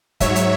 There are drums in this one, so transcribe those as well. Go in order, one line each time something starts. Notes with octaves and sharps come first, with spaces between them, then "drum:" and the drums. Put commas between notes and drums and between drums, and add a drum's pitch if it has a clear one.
G#2 F#3 C#5 E5, drum: kick, hi-hat
drum: hi-hat